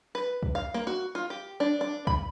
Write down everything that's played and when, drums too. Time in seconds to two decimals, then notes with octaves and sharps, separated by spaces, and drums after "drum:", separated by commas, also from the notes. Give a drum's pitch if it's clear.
0.15 B4
0.43 drum: kick
0.55 F5
0.74 A#3
0.87 F#4
1.15 F4
1.30 G4
1.60 D4
1.81 D4
2.07 B5, drum: kick